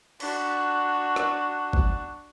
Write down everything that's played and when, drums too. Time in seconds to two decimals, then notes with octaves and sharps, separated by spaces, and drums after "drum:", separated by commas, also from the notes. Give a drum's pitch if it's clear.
0.20 D4 F#4, drum: cymbal
1.16 drum: rim click
1.73 drum: kick